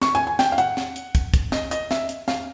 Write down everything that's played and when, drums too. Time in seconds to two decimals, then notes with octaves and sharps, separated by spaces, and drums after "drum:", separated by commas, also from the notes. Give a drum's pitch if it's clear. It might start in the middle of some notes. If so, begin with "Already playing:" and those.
0.02 C#6, drum: snare
0.15 G#5
0.27 G#5
0.39 G5, drum: snare
0.52 F5
0.58 F#5, drum: hi-hat
0.77 drum: snare
0.96 drum: hi-hat
1.15 drum: kick, hi-hat
1.34 drum: kick, hi-hat
1.52 D#5, drum: snare
1.71 D#5, drum: hi-hat
1.91 E5, drum: snare
2.09 drum: hi-hat
2.28 F5, drum: snare